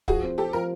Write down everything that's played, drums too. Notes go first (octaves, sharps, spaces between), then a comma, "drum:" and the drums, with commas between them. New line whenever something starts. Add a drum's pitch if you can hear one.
F3 F#4 G#4, drum: kick
C4
C4 G4 A4
F3 A#4